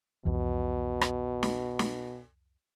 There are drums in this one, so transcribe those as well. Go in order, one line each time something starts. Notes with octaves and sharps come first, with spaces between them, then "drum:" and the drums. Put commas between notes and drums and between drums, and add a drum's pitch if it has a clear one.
C2 F2 B2 E3
drum: rim click
drum: snare
drum: snare